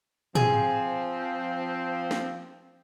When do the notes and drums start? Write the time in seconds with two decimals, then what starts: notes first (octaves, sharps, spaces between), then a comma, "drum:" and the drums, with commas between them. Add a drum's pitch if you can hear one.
0.35 F3 C4 G#4, drum: tom
2.11 drum: snare